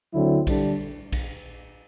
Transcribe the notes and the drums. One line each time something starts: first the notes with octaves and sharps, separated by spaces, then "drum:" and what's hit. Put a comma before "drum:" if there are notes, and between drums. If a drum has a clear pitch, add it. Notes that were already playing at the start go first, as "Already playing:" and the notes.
D2 D3 F#3 C4 E4
D3 G3 D4, drum: kick A#1, cymbal
drum: kick A#1, cymbal